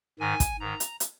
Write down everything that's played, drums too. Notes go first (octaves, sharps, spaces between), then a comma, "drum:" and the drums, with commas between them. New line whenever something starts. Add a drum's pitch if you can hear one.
G#2 D#3 G#5
drum: kick, hi-hat
G#2 D#3 A#5
drum: hi-hat
drum: hi-hat